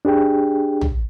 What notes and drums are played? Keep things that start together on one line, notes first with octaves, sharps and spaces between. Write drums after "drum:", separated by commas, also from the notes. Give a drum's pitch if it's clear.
D4 G4 G#4 G5
drum: tom